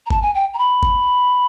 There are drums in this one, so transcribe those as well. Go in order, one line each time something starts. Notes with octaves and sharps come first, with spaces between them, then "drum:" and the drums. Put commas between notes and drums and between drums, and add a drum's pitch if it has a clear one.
A#5
A5, drum: kick G1
G#5
G5
A#5
B5
drum: kick G1